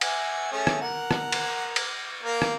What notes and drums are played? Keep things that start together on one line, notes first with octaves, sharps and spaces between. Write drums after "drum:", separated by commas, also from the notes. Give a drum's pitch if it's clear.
E5 F#5 G#5, drum: cymbal
A3 C#4 G#4
drum: rim click
A#4 F#5
drum: rim click
drum: cymbal
drum: cymbal
A#3 A#4
drum: rim click